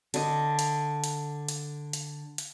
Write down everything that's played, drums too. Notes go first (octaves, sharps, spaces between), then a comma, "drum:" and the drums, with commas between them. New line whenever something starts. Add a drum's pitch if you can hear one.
D3 D#5, drum: hi-hat
drum: hi-hat
drum: hi-hat
drum: hi-hat
drum: hi-hat
drum: hi-hat